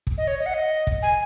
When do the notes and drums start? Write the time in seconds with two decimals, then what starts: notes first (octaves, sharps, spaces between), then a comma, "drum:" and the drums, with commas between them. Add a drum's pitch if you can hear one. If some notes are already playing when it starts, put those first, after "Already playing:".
0.07 drum: kick
0.18 D#5
0.27 C#5
0.39 D#5
0.46 F#5
0.54 D#5
0.87 drum: kick
1.02 G#5